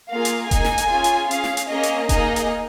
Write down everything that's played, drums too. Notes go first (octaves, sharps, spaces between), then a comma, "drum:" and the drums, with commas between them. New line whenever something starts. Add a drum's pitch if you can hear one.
A#3 F4 G#4 F5
drum: hi-hat
A#3 D#4 G#4 G#5, drum: kick E1, hi-hat
drum: snare
drum: hi-hat
C#4 F4 G#4
drum: hi-hat
C#4 G#4 F5, drum: hi-hat
drum: snare
drum: hi-hat
A#3 C#4 G#4 D#5
drum: hi-hat
A#3 D#4 G#4 D#5, drum: kick E1, hi-hat
drum: hi-hat